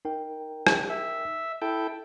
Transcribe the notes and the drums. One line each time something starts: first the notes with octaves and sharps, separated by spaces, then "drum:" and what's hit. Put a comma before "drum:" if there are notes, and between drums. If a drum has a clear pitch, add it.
D#4 A#4 G5
drum: rim click
E5
E4 A4 G5